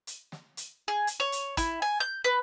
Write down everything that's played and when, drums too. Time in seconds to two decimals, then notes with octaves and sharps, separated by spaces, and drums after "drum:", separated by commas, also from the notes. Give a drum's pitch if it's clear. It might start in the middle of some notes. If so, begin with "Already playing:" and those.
0.07 drum: hi-hat
0.32 drum: snare
0.57 drum: hi-hat
0.88 G#4
1.07 drum: hi-hat
1.20 C#5
1.32 drum: hi-hat
1.57 E4, drum: kick, hi-hat
1.82 G#5, drum: open hi-hat
2.00 G6
2.24 B4